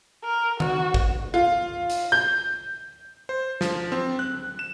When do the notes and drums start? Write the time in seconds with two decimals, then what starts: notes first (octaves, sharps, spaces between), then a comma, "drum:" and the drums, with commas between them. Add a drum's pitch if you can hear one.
0.24 A#4
0.60 F#4, drum: tom D#3
0.94 drum: kick
1.34 F4
1.90 drum: hi-hat
2.12 G6
3.29 C5
3.61 F3, drum: snare
3.92 C4
4.19 F#6
4.59 E7